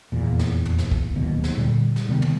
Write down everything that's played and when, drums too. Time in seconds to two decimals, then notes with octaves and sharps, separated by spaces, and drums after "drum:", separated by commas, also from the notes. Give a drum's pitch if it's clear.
0.12 F1 E2 A#2
0.39 drum: snare
0.65 drum: tom
0.78 drum: snare
0.91 drum: kick
1.15 D1 D#2 B2 A#3
1.44 drum: snare
1.57 A#2 D3 G3
1.96 drum: snare
2.09 C3 D#3 G3 B3
2.22 drum: tom